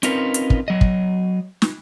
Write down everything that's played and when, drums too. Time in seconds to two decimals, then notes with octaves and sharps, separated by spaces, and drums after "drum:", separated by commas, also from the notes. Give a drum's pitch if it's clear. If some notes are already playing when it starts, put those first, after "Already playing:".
0.03 C4 C#4 D#4 F4 A#4 B4, drum: hi-hat
0.34 drum: hi-hat
0.50 drum: kick
0.68 F#3 D#5
0.81 drum: kick
1.62 drum: snare